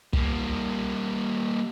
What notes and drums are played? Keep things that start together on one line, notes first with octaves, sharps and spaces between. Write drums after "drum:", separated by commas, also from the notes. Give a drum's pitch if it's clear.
G3 A#3, drum: kick